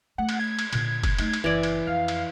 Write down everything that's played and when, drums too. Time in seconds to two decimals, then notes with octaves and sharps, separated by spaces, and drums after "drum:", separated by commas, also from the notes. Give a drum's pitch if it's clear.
0.18 A3 F#5
0.29 drum: cymbal
0.39 G#6
0.59 drum: cymbal
0.73 A#2 D3, drum: cymbal
1.03 drum: kick F#1, cymbal
1.18 A3 D#4, drum: cymbal
1.33 drum: cymbal
1.44 F#1 E3 D5
1.63 drum: cymbal
1.87 F2 F5
2.08 drum: cymbal